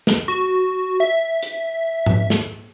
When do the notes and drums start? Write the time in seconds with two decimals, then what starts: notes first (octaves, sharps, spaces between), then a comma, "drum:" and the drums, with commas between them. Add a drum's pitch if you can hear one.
0.07 drum: snare
0.28 F#4
1.00 E5
1.42 drum: hi-hat
2.06 drum: tom G#2
2.30 drum: snare